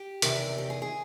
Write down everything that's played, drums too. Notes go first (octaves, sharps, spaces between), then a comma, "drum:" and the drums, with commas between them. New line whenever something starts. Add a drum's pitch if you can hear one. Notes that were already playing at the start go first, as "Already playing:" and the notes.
Already playing: G4
E2 C3 D#3, drum: hi-hat
G4
G#4
G#4